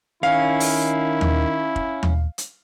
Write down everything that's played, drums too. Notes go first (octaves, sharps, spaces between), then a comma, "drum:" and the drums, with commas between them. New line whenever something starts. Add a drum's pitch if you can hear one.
D#3 C#4 E4 F5
drum: open hi-hat
drum: tom D#2
drum: kick
drum: tom D#2
drum: hi-hat